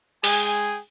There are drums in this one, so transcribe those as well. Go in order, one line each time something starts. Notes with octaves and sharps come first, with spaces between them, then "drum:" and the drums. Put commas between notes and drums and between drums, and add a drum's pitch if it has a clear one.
G#3 G#4 G5 G#5, drum: open hi-hat